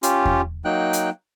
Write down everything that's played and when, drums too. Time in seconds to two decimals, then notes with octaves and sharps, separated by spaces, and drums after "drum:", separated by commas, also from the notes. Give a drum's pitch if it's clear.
0.03 C#4 F4 G4, drum: hi-hat
0.25 drum: kick E2
0.65 F#3 A#3 D#4 G5 F#6
0.93 drum: hi-hat